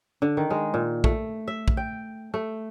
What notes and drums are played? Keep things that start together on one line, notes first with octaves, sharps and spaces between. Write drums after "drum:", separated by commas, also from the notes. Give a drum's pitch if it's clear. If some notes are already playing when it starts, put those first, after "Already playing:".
D3
D#3
G#3
A#2
A3, drum: kick
E5
drum: kick
G5
A3